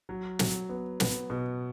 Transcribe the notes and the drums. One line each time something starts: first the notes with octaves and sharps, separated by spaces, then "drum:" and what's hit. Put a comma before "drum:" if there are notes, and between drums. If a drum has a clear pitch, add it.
F#3
F#3, drum: snare
B3
B3, drum: snare
B2